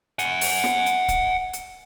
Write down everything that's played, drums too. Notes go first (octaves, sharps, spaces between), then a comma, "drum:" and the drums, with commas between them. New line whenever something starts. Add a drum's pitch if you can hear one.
F#5 G#5, drum: hi-hat
drum: open hi-hat
drum: snare
drum: hi-hat
drum: kick C#1, hi-hat
drum: hi-hat